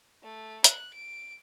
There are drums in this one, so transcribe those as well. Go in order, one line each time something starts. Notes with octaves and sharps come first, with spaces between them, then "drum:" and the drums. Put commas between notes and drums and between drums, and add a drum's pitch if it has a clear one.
A3
F#6, drum: hi-hat
D7